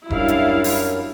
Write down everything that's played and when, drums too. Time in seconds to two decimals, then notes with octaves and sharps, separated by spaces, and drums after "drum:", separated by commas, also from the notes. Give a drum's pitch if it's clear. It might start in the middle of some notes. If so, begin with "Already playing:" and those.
0.10 F#2 G3 D4 E4 F5, drum: kick F1
0.28 drum: hi-hat
0.64 drum: open hi-hat